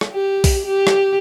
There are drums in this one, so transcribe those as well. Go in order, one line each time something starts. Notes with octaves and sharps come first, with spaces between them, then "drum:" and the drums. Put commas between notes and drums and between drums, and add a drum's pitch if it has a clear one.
drum: rim click
G4
drum: kick B1, open hi-hat
G4
drum: rim click